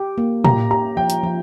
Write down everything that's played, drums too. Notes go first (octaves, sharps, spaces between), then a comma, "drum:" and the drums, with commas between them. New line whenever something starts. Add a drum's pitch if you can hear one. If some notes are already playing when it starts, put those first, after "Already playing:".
Already playing: G4
A#3
G4 A#5, drum: tom
G4 A#5
F3 G5
drum: hi-hat
F3